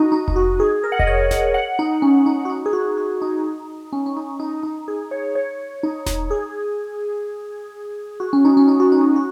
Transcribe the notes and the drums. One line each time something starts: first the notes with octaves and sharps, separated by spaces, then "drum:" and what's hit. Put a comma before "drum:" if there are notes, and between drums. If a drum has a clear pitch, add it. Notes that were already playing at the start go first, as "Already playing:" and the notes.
Already playing: D#4 F#4 D#5
D#4
D#4, drum: kick F1
F#4
G#4
A#4
F#5
D#5, drum: kick F1
C#5
F#5, drum: snare E1
F#5
D#4
C#4
D#4
F#4
D#4
G#4
F#4
F#4
D#4
C#4
C#4
D#4
D#4
D#4
G#4
C#5
C#5
D#4
D#4, drum: snare E1
G#4
F#4
C#4
D#4
C#4
D#4
F#4
D#4
F#4